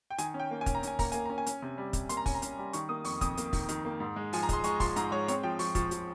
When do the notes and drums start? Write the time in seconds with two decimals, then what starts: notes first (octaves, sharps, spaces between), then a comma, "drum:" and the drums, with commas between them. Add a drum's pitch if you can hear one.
0.10 G5
0.18 D#3 G#5, drum: hi-hat
0.34 C#4
0.40 G5
0.51 A#3
0.61 G#5
0.66 C#4, drum: kick, hi-hat
0.75 A#5
0.83 C#4 G#5, drum: hi-hat
0.99 A#3 A#5, drum: kick, open hi-hat
1.12 A#3 G#5, drum: hi-hat
1.25 C#4 A#5
1.38 G#5
1.47 C#4, drum: hi-hat
1.62 C3
1.78 G3
1.93 C3, drum: kick, hi-hat
2.09 A#3 C6, drum: hi-hat
2.17 A#5
2.26 C#4 G#5, drum: kick, open hi-hat
2.34 A#5
2.42 C#4, drum: hi-hat
2.58 G3
2.73 D#3 C#6, drum: hi-hat
2.89 A#3 D#6
3.04 F2 C#6, drum: open hi-hat
3.21 F2 D#6, drum: kick, hi-hat
3.37 A#3, drum: hi-hat
3.53 D#3, drum: kick, open hi-hat
3.69 D#3, drum: hi-hat
3.85 A#3
4.00 G#2
4.16 G#3
4.33 F3 G#5, drum: open hi-hat
4.43 A#5
4.49 G#3 C6, drum: kick, hi-hat
4.64 G#3 C#6, drum: hi-hat
4.80 F3 C6, drum: kick, open hi-hat
4.96 G#2 A#5, drum: hi-hat
5.11 G#3 C#5
5.28 C4 C#5, drum: hi-hat
5.43 F3 G5
5.59 F3 C#6, drum: open hi-hat
5.75 F3 C#6, drum: kick, hi-hat
5.91 F3, drum: hi-hat